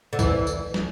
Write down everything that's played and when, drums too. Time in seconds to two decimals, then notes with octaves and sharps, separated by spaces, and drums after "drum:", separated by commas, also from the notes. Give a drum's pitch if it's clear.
0.13 D3
0.19 E3, drum: kick, tambourine
0.47 drum: tambourine
0.74 drum: snare